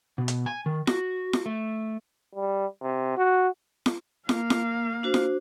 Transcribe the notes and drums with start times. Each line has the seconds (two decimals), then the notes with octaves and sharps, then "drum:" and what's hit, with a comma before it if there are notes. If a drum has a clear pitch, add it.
0.18 B2
0.28 drum: hi-hat
0.46 G#5
0.66 D#3
0.87 F#4, drum: snare
1.33 drum: snare
1.46 A3
2.35 G3
2.82 C3
3.17 F#4
3.86 drum: snare
4.29 A#3 F5, drum: snare
4.50 drum: snare
5.03 D4 F#4 C5
5.14 drum: snare